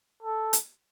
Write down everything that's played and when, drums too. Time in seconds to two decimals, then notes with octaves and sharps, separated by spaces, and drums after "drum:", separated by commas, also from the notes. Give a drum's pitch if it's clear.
0.23 A4
0.53 drum: hi-hat